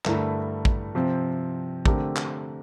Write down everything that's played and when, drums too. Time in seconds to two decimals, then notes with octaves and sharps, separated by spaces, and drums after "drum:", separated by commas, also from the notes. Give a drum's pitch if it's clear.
0.05 G2 D3 A3 E4 A#4, drum: clap
0.65 drum: kick
0.95 C3 F3 C4
1.86 D3 A3 C4 G4 A#4, drum: kick
2.16 drum: clap